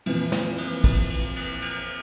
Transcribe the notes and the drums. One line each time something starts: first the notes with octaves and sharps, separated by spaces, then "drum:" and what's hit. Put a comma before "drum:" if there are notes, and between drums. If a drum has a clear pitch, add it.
F2 A#2 E3 F3, drum: cymbal
drum: snare
drum: cymbal
drum: kick, cymbal
drum: cymbal
drum: cymbal
drum: cymbal